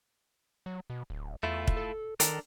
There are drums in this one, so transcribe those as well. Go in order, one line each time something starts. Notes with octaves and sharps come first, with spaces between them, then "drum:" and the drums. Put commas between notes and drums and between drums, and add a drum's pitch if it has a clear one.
F#3
B2
D1
E2 A3 E4 F4
drum: kick
A4
D#3 D4 A4 A#4, drum: hi-hat